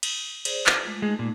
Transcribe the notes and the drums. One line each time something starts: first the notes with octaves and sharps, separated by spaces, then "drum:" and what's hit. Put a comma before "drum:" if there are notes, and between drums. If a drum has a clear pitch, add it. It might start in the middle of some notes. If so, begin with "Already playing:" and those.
drum: cymbal
G#4 C5 D5, drum: cymbal
drum: clap
G#3 A3 F4
G#3 A3 D#4
A#2